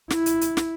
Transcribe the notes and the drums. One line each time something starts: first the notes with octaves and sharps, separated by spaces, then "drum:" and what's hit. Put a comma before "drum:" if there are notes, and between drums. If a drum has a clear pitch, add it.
E4, drum: snare
drum: hi-hat
drum: hi-hat
drum: snare